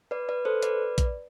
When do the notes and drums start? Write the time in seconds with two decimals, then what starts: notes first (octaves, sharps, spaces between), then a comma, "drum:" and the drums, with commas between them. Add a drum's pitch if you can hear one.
0.11 B4 D5
0.29 B4 D5
0.45 A4 C5
0.63 B4 D5, drum: hi-hat
0.98 drum: kick A#1, hi-hat